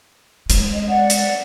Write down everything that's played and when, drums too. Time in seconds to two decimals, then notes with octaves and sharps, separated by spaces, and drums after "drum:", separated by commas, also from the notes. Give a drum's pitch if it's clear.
0.50 G#3, drum: hi-hat
0.73 D#5
0.88 D5 F#5
1.10 drum: hi-hat